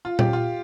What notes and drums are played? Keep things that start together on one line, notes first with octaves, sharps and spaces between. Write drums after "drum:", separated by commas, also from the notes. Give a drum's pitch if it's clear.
F4
G4, drum: tom A#2
F4